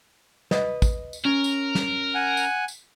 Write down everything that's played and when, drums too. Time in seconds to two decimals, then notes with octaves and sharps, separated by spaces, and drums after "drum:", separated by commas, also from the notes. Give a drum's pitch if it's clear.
0.51 B4 D#5, drum: snare
0.82 drum: kick, tambourine
1.13 drum: tambourine
1.25 C#4 A#4
1.44 drum: tambourine
1.75 drum: snare
2.15 F#5 G#5
2.37 drum: tambourine
2.68 drum: tambourine